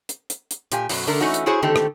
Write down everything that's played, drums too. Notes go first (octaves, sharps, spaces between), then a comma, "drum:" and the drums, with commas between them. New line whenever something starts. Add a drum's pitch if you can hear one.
drum: hi-hat
drum: hi-hat
drum: hi-hat
A#2 G4 G#5, drum: hi-hat
F#2 B2 F#3, drum: open hi-hat
D3 A3 D4 A#4
E3 A3 C#4 D#4 F#4
drum: hi-hat
E4 F#4 G#4 C5 C#5
D3 D#3 A3 C4 G4 A4
drum: rim click